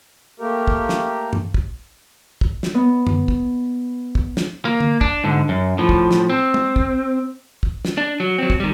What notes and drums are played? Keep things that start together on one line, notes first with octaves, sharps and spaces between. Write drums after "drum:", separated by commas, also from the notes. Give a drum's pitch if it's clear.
A3 A#3 G4 A#4
drum: kick
drum: snare
drum: tom G2
drum: kick
drum: kick
drum: snare
B3 D#5
drum: tom
drum: kick
drum: kick
drum: snare
A#3
drum: tom D3
D4, drum: kick
G#2 D3
F#2
A2 F3
drum: kick
drum: snare
C4
drum: tom
drum: kick
drum: kick
drum: snare
D4
F#3
F#3 C4
drum: kick
D#3 G3